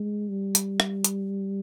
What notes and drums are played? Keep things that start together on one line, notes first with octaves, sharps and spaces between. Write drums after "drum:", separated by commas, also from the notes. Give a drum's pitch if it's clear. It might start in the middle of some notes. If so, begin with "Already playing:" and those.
Already playing: G#3
G3
drum: hi-hat
drum: rim click
drum: hi-hat